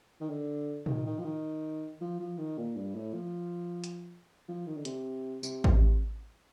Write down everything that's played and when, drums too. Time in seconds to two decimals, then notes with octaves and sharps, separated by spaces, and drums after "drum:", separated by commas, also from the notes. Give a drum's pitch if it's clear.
0.21 D#3
0.29 D3
0.86 D#3, drum: tom
1.06 D#3
1.19 F3
1.24 D#3
2.01 F3
2.20 F3
2.38 D#3
2.58 A#2
2.76 G2
2.95 A2
3.14 F3
3.84 drum: hi-hat
4.48 F3
4.67 D#3
4.77 D3
4.85 C3, drum: hi-hat
5.43 C3, drum: tambourine
5.64 drum: kick A1